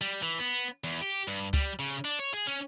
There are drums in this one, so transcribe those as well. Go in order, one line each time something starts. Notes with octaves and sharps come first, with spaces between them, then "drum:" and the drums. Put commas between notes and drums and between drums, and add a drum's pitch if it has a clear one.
G3, drum: tambourine
E3
B3
drum: tambourine
E2
G4
G2
G3, drum: kick C#2, tambourine
C#3, drum: tambourine
D4
C#5
G#4
C#4